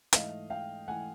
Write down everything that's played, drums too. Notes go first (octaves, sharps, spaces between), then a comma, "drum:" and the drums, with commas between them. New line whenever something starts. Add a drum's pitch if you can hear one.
G#2 E3 A3 D#5 F5, drum: hi-hat
F5 G5
E3 A3 F#5 G#5